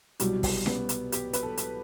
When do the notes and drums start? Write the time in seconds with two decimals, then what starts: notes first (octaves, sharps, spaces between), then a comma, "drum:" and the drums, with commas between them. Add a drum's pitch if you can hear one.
0.20 C2 B2 F#3 G3, drum: hi-hat
0.43 drum: kick, open hi-hat
0.66 B3, drum: snare C#4
0.89 drum: hi-hat
1.12 G4, drum: hi-hat
1.33 B4, drum: hi-hat
1.43 A4
1.57 drum: hi-hat